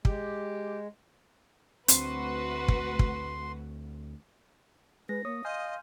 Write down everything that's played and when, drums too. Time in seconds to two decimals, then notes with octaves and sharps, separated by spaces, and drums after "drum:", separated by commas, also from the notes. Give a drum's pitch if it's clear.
0.05 G#3 G4, drum: kick
1.88 D2 A3 C4 F#4 B4 C6, drum: hi-hat
2.68 drum: kick
2.99 drum: kick
5.09 G#3 B4 A#6
5.25 A#3 C#5 D#6
5.45 D#5 F5 G#5 C6 F6 G6